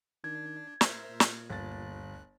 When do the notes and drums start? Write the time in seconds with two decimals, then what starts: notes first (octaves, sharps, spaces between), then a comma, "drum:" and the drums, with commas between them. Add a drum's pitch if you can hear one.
0.24 D#3 D4 G#6
0.81 A2 A#4 C5 E5, drum: snare
1.10 A#2
1.20 drum: snare
1.50 G1 D2 F#6 A6